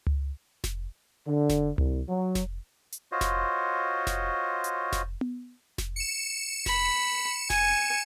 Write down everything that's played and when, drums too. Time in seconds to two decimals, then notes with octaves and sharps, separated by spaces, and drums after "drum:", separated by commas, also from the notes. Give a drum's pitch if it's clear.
0.07 drum: tom C#2
0.64 drum: snare F1
1.27 D3
1.49 drum: snare F1
1.78 C2, drum: tom C#2
2.08 F#3
2.35 drum: snare F1
2.92 drum: hi-hat
3.12 F4 F#4 C5 C#5 D#5
3.21 drum: snare F1
4.07 drum: snare F1
4.64 drum: hi-hat
4.93 drum: snare F1
5.21 drum: tom B3
5.78 drum: snare F1
5.96 C#7 E7
6.66 B5, drum: snare F1
7.50 G#5, drum: snare F1